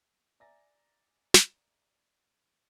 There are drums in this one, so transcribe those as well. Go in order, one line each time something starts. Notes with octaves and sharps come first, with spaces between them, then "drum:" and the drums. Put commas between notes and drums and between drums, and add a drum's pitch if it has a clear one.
D5 E5 G#5 A#5 A6 A#6
drum: snare